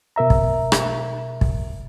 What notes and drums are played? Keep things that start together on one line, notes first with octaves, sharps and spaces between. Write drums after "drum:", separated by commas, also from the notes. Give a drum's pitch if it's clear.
B2 A#4 E5 A#5
drum: kick
drum: rim click
drum: kick